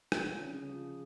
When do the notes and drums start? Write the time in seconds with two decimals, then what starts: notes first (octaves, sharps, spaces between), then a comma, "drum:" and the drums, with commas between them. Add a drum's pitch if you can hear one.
0.12 G#3, drum: rim click
0.19 F#3
0.27 F3
0.37 D3
0.45 C#3 G#4
0.69 F3